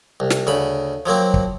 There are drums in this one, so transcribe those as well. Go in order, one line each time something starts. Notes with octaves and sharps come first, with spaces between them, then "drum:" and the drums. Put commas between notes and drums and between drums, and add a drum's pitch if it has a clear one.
C2
drum: snare
D2 C#3 B5
F3 F#3 A#3 C4
drum: kick